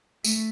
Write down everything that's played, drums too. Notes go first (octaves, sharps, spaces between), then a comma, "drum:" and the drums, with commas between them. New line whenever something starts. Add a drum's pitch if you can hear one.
A3, drum: tambourine